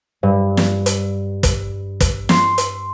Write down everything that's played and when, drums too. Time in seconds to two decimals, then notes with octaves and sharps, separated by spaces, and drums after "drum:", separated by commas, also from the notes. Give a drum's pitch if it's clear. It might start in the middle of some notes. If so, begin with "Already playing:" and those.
0.23 G2
0.57 drum: snare
0.86 drum: hi-hat
1.43 drum: kick, hi-hat
2.00 drum: kick, hi-hat
2.29 C6, drum: snare
2.58 drum: hi-hat